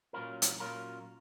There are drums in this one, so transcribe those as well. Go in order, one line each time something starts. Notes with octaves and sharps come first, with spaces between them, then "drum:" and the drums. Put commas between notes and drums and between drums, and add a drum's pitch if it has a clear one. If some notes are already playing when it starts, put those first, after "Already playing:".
A#2 F#3 C#4 F4 A#4
drum: hi-hat
A#2 F#3 C#4 F4 A#4